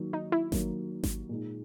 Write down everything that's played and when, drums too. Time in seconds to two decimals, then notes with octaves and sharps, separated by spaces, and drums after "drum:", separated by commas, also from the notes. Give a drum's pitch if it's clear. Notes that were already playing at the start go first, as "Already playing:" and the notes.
Already playing: D#3 F#3 A#3
0.13 D#4
0.32 E4
0.52 D#3 F#3 A#3, drum: snare G#1
1.04 drum: snare G#1
1.29 A#2 G#3 D#4